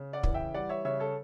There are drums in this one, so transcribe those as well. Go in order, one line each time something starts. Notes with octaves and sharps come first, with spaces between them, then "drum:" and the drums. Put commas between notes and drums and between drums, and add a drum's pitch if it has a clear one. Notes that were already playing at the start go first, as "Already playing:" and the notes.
Already playing: C#3
D5 F#5
E3, drum: kick
E5 G5
G3 D5 F#5
C#5 E5
C#3 C#5 E5
A4 C#5